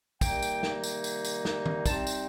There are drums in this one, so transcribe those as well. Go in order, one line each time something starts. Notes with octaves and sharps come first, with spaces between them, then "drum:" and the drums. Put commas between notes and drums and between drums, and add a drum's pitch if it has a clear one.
C3 D#3 G3 A#3 D#4 G5, drum: kick, tambourine
drum: tambourine
drum: snare
drum: tambourine
drum: tambourine
drum: tambourine
drum: snare
drum: tom D#3
C3 G3 C4 D#4 A5, drum: kick, tambourine
drum: tambourine